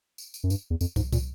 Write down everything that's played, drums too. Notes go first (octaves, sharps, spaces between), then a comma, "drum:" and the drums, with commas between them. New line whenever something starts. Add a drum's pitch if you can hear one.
drum: tambourine
drum: tambourine
F#2
G2, drum: tambourine
E2
F2, drum: tambourine
G#2, drum: kick, tambourine
A#2, drum: kick, tambourine